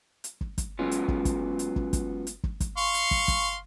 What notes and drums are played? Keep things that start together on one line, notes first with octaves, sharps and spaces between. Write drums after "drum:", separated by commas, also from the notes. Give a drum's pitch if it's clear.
drum: hi-hat
drum: kick
drum: kick, hi-hat
F#3 G#3 B3 C#4 F4
drum: hi-hat
drum: kick
drum: kick, hi-hat
drum: hi-hat
drum: kick
drum: kick, hi-hat
drum: hi-hat
drum: kick
drum: kick, hi-hat
F5 C6 C#6
drum: hi-hat
drum: kick
drum: kick, hi-hat